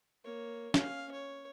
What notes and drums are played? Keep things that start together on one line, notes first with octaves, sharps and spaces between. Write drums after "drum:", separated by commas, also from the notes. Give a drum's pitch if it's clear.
A#3 C#5
C#4 F5, drum: snare
C#5